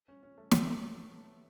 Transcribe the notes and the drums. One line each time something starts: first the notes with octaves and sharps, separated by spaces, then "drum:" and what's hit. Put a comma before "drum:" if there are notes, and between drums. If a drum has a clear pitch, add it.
C#4
C#4
A3
B3, drum: snare
A3